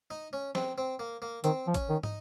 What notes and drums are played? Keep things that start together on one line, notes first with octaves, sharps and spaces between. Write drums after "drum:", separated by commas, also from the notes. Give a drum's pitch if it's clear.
D#4
C#4
C4, drum: snare
C4
A#3
A#3
D#3 C4, drum: hi-hat
F3
C#4, drum: kick, hi-hat
D#3
D#4, drum: tom